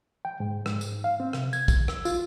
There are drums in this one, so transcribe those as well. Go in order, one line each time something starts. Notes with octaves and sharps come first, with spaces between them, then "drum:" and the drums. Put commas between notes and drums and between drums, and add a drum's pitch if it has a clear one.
G5
G#2
G#2, drum: rim click
drum: tambourine
F5
C4
C3, drum: rim click
G#6, drum: tambourine
drum: kick, tambourine
E6, drum: rim click
F4, drum: tambourine